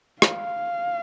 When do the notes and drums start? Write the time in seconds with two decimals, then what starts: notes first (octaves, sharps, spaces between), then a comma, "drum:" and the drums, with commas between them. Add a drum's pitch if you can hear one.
0.22 F5, drum: rim click